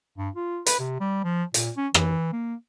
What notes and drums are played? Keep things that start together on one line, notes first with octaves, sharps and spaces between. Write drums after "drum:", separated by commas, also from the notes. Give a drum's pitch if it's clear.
G2
F4
B4, drum: hi-hat
C3
G3
F3
A#2, drum: hi-hat
C#4
E3, drum: rim click
A#3